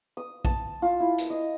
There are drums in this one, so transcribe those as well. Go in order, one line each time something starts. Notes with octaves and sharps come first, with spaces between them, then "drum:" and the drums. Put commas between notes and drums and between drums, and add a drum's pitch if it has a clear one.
D#6
A5, drum: kick A#1
F4
E4
drum: hi-hat
D#5